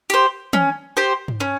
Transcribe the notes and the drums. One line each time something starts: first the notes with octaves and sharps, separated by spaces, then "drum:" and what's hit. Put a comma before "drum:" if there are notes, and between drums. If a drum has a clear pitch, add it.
G4 C5, drum: hi-hat
C#4, drum: tom
G4 C5
drum: tom
C#4